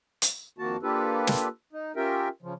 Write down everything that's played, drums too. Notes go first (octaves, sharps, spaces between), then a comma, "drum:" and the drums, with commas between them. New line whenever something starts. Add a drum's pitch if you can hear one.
drum: hi-hat
F2 D#3 A#3 F#4 A5
A#3 D4 F4 G4 A4 B4
drum: snare
D#4
C#4 F4 G4 A#4 E5 G5
C#3 F3